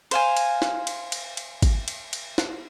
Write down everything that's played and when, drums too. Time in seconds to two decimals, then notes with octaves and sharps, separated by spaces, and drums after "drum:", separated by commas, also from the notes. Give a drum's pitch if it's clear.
0.11 C5 F5 G#5, drum: cymbal
0.37 drum: cymbal
0.62 drum: snare
0.87 drum: cymbal
1.12 drum: cymbal
1.37 drum: cymbal
1.62 drum: kick G#1, cymbal
1.88 drum: cymbal
2.13 drum: cymbal
2.38 drum: snare